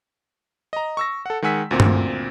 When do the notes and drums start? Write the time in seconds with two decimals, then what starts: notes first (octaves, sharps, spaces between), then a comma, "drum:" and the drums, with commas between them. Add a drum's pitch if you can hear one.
0.73 D#5 A#5
0.97 C#6 E6 A#6
1.26 A4 F#5
1.42 D#3 G#3 F#5 G#5 E6 B6
1.71 D2 A#2 C4
1.80 drum: tom G2